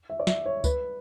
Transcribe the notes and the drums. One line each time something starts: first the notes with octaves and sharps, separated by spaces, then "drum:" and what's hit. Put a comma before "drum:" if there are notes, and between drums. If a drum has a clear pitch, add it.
E5
D5
E5, drum: snare
C#5
B4, drum: kick C#2, tambourine